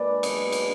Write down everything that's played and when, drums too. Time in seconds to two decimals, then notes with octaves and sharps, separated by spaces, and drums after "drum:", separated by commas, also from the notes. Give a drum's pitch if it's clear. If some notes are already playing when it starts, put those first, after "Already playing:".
Already playing: A#2 G#3 D4 B4 D5
0.23 B2 F#3 D4 D#5, drum: cymbal
0.52 drum: cymbal